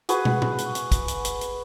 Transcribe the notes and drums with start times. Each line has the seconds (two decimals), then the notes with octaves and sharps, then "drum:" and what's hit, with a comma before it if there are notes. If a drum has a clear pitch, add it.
0.09 F#4 G#4 B4, drum: hi-hat
0.25 drum: tom
0.42 drum: tom A#2
0.58 drum: hi-hat
0.75 drum: hi-hat
0.92 drum: kick, hi-hat
1.08 drum: hi-hat
1.25 drum: hi-hat
1.41 drum: hi-hat